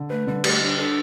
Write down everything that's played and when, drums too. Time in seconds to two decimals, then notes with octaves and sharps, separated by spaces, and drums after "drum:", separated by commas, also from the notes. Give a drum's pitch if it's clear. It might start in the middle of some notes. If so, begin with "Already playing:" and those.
Already playing: D3
0.10 A3 B4
0.27 D3 G3
0.44 G3 A3, drum: cymbal
0.61 G3 D4
0.78 D4 A4